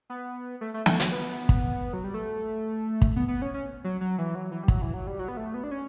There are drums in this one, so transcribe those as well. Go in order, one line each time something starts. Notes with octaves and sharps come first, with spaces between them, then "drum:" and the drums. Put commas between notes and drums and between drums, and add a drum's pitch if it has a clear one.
B3
A3
A3
A3, drum: snare
F#3, drum: hi-hat
B3
drum: kick
F#3
G3
A3
drum: kick
B3
B3
C#4
C#4
F#3
F#3
E3
F#3
E3
G3
F#3, drum: kick
E3
F#3
G3
F#3
B3
A3
B3
D4
C#4